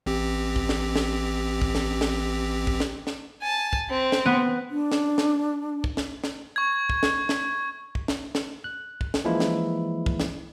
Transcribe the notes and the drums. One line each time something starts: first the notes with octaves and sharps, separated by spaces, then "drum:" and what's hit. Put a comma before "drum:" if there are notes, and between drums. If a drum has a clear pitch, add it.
A1 C4 G4
drum: kick
drum: snare
drum: snare
drum: kick
drum: snare
drum: snare
drum: kick
drum: snare
drum: snare
G#5 A5
drum: kick
C4
drum: snare
B3
D4
drum: snare
drum: snare
drum: kick
drum: snare
drum: snare
C#6 G#6
drum: kick
drum: snare
drum: snare
drum: kick
drum: snare
drum: snare
F#6
drum: kick
drum: snare
E3 F3 G#3 A#3 E4
drum: snare
drum: kick
drum: snare